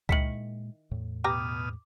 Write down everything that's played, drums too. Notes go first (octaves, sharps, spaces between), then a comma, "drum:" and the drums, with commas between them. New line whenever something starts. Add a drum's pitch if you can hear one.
A#2 D#3 G#3 E4 B6 C#7 F#7, drum: kick C#2
E2 A2
B2 G4 B4 A#5 D6 D#6 F6